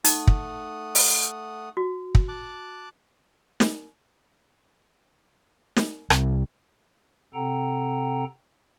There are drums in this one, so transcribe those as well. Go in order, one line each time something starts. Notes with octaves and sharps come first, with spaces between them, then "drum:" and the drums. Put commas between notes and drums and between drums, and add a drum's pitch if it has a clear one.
A3 D#4 F#5 D#6, drum: hi-hat
drum: kick
drum: open hi-hat
F#4
drum: kick
A5 D6 F#6
drum: snare
drum: snare
C2, drum: rim click
C3 C4 A4 F#5 G5 A#5